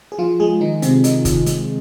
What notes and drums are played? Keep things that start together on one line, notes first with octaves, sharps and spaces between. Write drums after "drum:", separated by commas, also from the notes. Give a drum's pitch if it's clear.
G#4
F3 F4
G#3 G#4
D#3 D#4
C3 C4, drum: hi-hat
D#3 D#4, drum: hi-hat
drum: kick, hi-hat
G#3, drum: hi-hat